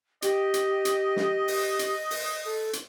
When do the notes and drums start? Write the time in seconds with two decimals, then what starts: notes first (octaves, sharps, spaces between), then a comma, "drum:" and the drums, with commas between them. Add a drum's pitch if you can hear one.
0.22 G4 D#5, drum: hi-hat
0.54 drum: hi-hat
0.85 drum: hi-hat
1.16 drum: snare
1.48 drum: open hi-hat
1.79 drum: hi-hat
2.11 drum: open hi-hat
2.45 A4
2.73 drum: hi-hat